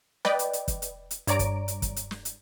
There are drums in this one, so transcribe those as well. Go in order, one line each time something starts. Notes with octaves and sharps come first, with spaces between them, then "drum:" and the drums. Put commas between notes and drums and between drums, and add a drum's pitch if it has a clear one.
B4 D5 D#5 G5, drum: snare
drum: hi-hat
drum: hi-hat
drum: kick, hi-hat
drum: hi-hat
drum: hi-hat
G2 C#5 D5 A#5 D7, drum: hi-hat
drum: kick, hi-hat
drum: hi-hat
drum: kick, hi-hat
drum: hi-hat
drum: snare
drum: hi-hat